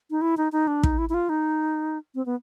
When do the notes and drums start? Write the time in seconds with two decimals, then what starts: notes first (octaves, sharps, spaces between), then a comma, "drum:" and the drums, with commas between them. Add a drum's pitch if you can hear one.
0.11 D#4
0.21 E4
0.37 D#4
0.52 D#4
0.67 D4
0.83 D#4, drum: kick
0.98 E4
1.09 E4
1.14 F4
1.29 D#4
2.15 C4
2.26 B3